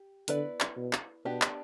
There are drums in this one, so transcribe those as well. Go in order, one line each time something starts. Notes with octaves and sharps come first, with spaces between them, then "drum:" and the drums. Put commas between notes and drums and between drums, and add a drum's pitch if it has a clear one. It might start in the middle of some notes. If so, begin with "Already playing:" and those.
Already playing: G4
D3 B3 E4 B4 D5, drum: hi-hat
drum: clap
B2
drum: clap
B2 B3 D4 G4
drum: clap